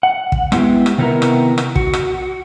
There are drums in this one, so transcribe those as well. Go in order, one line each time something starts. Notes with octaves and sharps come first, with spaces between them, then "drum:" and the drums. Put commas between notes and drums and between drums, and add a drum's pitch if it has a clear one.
F#5
drum: kick
G#3 B3 E4 G4, drum: rim click
drum: rim click
C3 D#3 B3 E4 A#4
drum: rim click
drum: rim click
F#4, drum: kick
drum: rim click